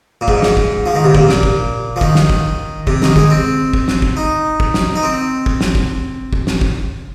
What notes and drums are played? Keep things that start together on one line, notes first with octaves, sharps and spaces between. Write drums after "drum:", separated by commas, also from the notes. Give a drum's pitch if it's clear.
A#2
G#2, drum: kick
drum: snare
drum: kick
F3
D#3
C3
A#2, drum: kick
drum: snare
drum: kick
F3
D#3, drum: kick
drum: snare
drum: kick
C3, drum: kick
D#3, drum: snare
G#3, drum: kick
C4
drum: kick
drum: snare
drum: kick
D#4
drum: kick
drum: snare
D#4
C4
drum: kick
drum: snare
drum: kick
drum: kick
drum: snare
drum: kick